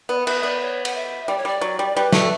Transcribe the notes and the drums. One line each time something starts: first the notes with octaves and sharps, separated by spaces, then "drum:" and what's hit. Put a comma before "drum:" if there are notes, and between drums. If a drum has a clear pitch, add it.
B3 D5
F#5
B3 E5, drum: cymbal
B3 D5
C#5
F#5, drum: cymbal
E5
G3 D5
C#5
G3 D5
F#3
G3
G3 B4
A3, drum: snare